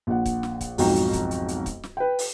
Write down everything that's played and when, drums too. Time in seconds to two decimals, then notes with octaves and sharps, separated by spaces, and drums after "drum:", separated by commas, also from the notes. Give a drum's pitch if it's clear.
0.07 A#1 F#5
0.26 drum: kick, hi-hat
0.43 drum: snare
0.61 drum: kick, hi-hat
0.78 B1 F2 G#2 F#4 G5 A#5, drum: open hi-hat
0.96 drum: hi-hat
1.13 drum: kick, hi-hat
1.31 drum: hi-hat
1.48 drum: hi-hat
1.66 drum: kick, hi-hat
1.83 drum: snare
1.97 B4 G5
2.19 drum: open hi-hat